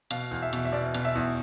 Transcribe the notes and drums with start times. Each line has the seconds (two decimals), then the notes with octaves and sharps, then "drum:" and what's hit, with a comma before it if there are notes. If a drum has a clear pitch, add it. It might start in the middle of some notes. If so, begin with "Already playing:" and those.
0.11 B2 F5, drum: hi-hat
0.31 E2
0.42 E5
0.53 B2, drum: hi-hat
0.65 E5
0.72 B2 D5
0.94 B2, drum: hi-hat
1.05 E5
1.15 E2